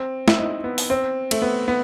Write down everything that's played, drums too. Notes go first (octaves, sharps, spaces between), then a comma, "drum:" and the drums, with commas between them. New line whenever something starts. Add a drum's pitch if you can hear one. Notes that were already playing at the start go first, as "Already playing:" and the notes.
Already playing: C4
E4, drum: snare
D#4
B3
drum: open hi-hat
C4
A3, drum: cymbal
B3
B3